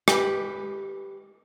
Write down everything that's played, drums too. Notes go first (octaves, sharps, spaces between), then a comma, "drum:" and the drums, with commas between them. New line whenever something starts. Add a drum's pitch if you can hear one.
G4 B4, drum: rim click